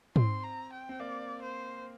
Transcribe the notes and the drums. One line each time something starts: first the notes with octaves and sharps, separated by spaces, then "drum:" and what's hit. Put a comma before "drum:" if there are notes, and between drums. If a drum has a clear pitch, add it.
C4 C6, drum: tom
A#5
G5
C4
A#3 D5
C5